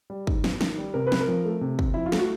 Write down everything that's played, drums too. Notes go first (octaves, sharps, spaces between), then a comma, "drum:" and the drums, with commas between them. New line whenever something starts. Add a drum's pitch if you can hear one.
G3
G#2, drum: kick
B3, drum: snare
D#3, drum: snare
G3
C3 A#4
B4
C4, drum: snare
A#4
F3
A3
C3
C4, drum: kick
F3 E4
F4
A3, drum: snare
F#4